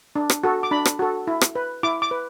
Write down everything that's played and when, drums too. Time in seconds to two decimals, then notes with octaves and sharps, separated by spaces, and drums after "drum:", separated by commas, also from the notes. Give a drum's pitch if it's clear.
0.16 D4
0.30 drum: rim click
0.44 F#4 A4
0.63 D6
0.71 D4 B5
0.85 drum: rim click
0.99 F#4 A4
1.27 E4
1.41 drum: rim click
1.56 B4
1.83 E4 D6
2.02 D6
2.11 B4